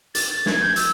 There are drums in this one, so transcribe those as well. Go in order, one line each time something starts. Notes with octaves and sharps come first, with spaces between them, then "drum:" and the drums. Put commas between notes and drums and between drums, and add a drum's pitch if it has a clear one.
A6, drum: hi-hat
G#6, drum: snare
G6
E6, drum: hi-hat